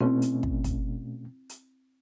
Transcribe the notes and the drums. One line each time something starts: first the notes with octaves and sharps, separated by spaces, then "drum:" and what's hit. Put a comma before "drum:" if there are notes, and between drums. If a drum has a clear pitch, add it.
B2 A3 C4 C#4 E4
drum: hi-hat
drum: kick
drum: kick, hi-hat
drum: hi-hat